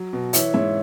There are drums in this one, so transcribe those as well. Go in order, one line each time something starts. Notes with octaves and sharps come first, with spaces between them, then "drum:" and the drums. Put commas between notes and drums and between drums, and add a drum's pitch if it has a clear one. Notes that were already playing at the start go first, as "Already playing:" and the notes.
Already playing: F#3
B2
E3 C#5 E5, drum: hi-hat
G#2 C#5 E5